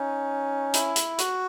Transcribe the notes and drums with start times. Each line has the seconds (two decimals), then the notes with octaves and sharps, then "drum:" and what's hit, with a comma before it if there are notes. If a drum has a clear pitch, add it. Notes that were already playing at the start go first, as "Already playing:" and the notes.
Already playing: C#4 D#4
0.74 E4, drum: hi-hat
0.96 drum: hi-hat
1.18 F#4, drum: hi-hat